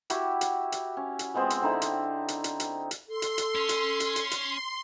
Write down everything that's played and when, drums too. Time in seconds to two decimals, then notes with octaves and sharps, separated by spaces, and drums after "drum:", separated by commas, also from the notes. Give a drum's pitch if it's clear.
0.10 E4 F#4 G4, drum: hi-hat
0.41 drum: hi-hat
0.72 drum: hi-hat
0.97 C#4
1.19 drum: hi-hat
1.34 F3 G#3 B3 C4
1.50 drum: hi-hat
1.62 D3 C4 D#4 E4
1.82 drum: hi-hat
2.28 drum: hi-hat
2.44 drum: hi-hat
2.60 drum: hi-hat
2.91 drum: hi-hat
3.08 A4 C6
3.22 drum: hi-hat
3.38 drum: hi-hat
3.55 C#4
3.69 drum: hi-hat
4.00 drum: hi-hat
4.16 drum: hi-hat
4.31 drum: hi-hat